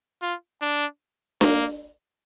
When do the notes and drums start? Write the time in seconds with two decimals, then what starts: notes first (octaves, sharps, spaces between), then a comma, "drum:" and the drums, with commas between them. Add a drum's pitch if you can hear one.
0.22 F4
0.62 D4
1.41 A#3, drum: snare D4